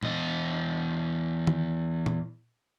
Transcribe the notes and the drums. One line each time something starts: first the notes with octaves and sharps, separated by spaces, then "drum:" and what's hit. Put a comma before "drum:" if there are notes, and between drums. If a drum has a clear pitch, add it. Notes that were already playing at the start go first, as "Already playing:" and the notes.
E2 D#5, drum: tom A#2
drum: tom D#3
drum: tom A#2